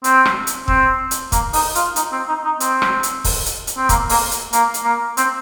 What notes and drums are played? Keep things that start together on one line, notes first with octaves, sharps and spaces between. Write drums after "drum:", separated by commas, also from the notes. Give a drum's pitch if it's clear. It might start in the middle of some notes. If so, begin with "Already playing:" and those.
C4, drum: hi-hat
drum: rim click
drum: hi-hat
C4, drum: kick
drum: hi-hat
A#3, drum: kick, hi-hat
D#4, drum: open hi-hat
F4, drum: hi-hat
D#4, drum: hi-hat
C4
D#4
D#4
C4, drum: hi-hat
drum: rim click
drum: hi-hat
drum: kick, open hi-hat
drum: hi-hat
drum: hi-hat
C4
A#3, drum: kick, hi-hat
A#3, drum: open hi-hat
drum: hi-hat
A#3, drum: hi-hat
drum: hi-hat
A#3
C4, drum: hi-hat